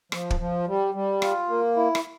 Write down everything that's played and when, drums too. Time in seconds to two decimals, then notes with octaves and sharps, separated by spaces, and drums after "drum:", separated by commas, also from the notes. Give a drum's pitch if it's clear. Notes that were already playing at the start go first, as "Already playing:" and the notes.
0.12 F3, drum: rim click
0.30 drum: kick
0.40 F3
0.67 G3
0.94 G3
1.22 F4, drum: rim click
1.49 A#3
1.76 E4
1.95 drum: rim click